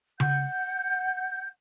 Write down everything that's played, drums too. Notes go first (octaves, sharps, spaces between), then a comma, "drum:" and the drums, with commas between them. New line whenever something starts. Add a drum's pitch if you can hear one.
F#5 G6, drum: tom C#3